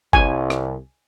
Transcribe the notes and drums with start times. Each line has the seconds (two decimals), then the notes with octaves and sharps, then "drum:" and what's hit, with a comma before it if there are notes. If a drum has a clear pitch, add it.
0.13 C2 G#5, drum: kick G1
0.50 drum: rim click